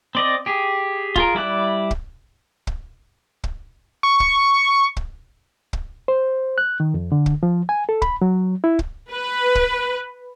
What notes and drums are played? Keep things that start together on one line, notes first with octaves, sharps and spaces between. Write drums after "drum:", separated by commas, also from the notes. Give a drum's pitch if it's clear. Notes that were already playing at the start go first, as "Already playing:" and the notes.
C4 D5 D#5
G4 G#4
F4 G#4 A#4, drum: kick
G3 E4 D5 F#6
drum: kick
drum: kick
drum: kick
C#6
drum: kick
drum: kick
drum: kick
C5
F#6
D#3
F2
D3
drum: kick
F3
G#5
A4
B5, drum: kick
F#3
E4
drum: kick
B4
drum: kick